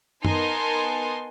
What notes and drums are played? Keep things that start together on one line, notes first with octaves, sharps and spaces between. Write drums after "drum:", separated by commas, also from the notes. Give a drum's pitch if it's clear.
B3 D#4 A#4 G#5 A5 C6, drum: tom